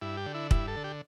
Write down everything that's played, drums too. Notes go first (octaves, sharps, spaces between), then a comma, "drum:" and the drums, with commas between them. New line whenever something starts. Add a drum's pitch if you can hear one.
G2 E4
G4
D3
E4
G2 E4, drum: kick
A4
D3
G4